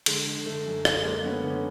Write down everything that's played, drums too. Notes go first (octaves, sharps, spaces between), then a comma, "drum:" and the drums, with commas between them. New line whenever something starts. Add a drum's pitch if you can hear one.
D3 G#3, drum: cymbal
D3
D3 A3
F#2
F#2 A3, drum: rim click
F#2 G#3 A#3
D3 B3 C#4
D3 B3 C#4